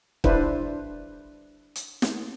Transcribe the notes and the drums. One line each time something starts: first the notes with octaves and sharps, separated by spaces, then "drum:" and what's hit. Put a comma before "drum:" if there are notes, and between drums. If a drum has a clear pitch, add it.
D4 E4 B4 C5, drum: kick
drum: hi-hat
drum: snare